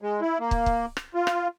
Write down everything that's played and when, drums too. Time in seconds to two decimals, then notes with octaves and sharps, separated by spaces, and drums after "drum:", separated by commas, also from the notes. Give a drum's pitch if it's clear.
0.02 G#3
0.21 E4
0.40 A#3
0.51 drum: kick
0.66 drum: kick
0.97 drum: rim click
1.14 F4
1.27 drum: rim click